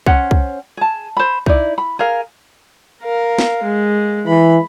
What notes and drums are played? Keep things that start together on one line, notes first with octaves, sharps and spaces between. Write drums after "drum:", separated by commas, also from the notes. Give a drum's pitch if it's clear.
C#4 C5 F#5, drum: kick
drum: kick
G#4 A5
C5 B5
D#4 E4 D5, drum: kick
B5
G#4 A#4 F5
A#4 F5
drum: snare
G#3
E3 B5